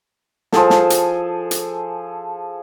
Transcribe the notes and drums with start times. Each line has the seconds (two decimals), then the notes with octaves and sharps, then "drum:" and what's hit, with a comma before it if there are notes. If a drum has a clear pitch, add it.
0.52 F3 G#4 A4, drum: snare
0.70 drum: snare
0.90 drum: hi-hat
1.51 drum: hi-hat